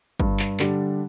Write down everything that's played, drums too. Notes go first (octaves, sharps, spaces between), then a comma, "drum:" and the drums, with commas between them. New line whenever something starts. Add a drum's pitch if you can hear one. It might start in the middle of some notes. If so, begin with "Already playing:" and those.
G2, drum: kick G1
drum: clap
D3 G3 D4, drum: clap